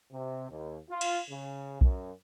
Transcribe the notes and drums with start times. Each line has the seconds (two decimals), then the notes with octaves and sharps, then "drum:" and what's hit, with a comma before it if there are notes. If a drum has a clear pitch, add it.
0.12 C3
0.49 D#2
0.90 F4
1.01 drum: cymbal
1.30 C#3
1.81 F#2, drum: kick B1